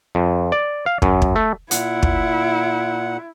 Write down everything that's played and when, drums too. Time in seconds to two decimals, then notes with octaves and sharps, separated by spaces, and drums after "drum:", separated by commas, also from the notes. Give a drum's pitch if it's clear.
0.15 F2
0.52 D5
0.86 F5
1.02 F#2, drum: kick
1.22 drum: kick
1.35 A3
1.71 A#2 E4 F#5, drum: hi-hat
2.03 drum: kick